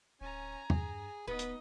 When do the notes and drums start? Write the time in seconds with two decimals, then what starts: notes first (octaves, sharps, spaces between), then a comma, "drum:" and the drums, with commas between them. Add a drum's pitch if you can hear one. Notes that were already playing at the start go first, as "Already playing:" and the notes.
0.21 D1 C#4 G#5 A#5
0.70 G2 G#4, drum: tom
1.28 D1 B3 D#4 B4 D#5
1.39 drum: hi-hat